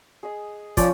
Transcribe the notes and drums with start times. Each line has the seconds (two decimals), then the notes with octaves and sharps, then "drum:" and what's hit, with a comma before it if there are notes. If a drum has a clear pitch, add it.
0.23 G#4 D#5
0.77 F3 C#4 D5, drum: kick, hi-hat